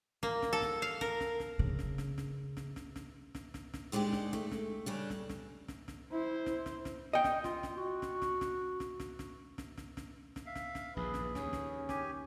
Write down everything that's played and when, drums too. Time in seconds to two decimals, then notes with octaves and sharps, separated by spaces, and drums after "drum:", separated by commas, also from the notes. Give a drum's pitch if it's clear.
0.23 A#3, drum: snare
0.42 drum: snare
0.53 A4
0.62 drum: snare
0.82 F5
1.01 A#4, drum: snare
1.20 drum: snare
1.40 drum: snare
1.59 C#3
1.79 drum: snare
1.98 drum: snare
2.18 drum: snare
2.57 drum: snare
2.76 drum: snare
2.96 drum: snare
3.35 drum: snare
3.54 drum: snare
3.74 drum: snare
3.92 D#2 G#3 D4 D#4 G4
4.13 drum: snare
4.33 A3, drum: snare
4.52 drum: snare
4.86 C#3 G3 D4
5.10 drum: snare
5.29 drum: snare
5.68 drum: snare
5.88 drum: snare
6.11 E4 C5
6.46 drum: snare
6.66 drum: snare
6.85 drum: snare
7.13 D#5 G5
7.24 drum: snare
7.44 F4, drum: snare
7.63 drum: snare
7.77 F#4
8.02 drum: snare
8.22 drum: snare
8.41 drum: snare
8.80 drum: snare
9.00 drum: snare
9.19 drum: snare
9.58 drum: snare
9.78 drum: snare
9.97 drum: snare
10.36 drum: snare
10.46 E5 F5
10.55 drum: snare
10.75 drum: snare
10.96 A#1 D#2 G#4 B4
11.14 drum: snare
11.35 D#2 C#4 G#4, drum: snare
11.53 drum: snare
11.89 G4 G#5, drum: snare